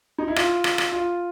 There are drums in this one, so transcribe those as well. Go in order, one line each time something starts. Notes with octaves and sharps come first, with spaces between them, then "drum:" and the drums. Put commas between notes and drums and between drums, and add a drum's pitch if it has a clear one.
D#4
E4
F4, drum: rim click
drum: rim click
drum: rim click
F4